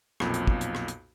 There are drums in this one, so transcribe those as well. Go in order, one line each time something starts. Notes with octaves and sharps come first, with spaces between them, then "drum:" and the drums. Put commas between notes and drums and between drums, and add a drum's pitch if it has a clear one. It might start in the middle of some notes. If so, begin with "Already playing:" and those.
B1 F2 A#2, drum: rim click
drum: hi-hat
drum: kick
drum: hi-hat
drum: rim click
drum: hi-hat